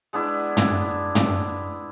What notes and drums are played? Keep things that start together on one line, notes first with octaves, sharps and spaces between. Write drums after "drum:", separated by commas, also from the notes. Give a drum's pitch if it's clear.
G#3 B3 D4 E4
drum: tom
drum: tom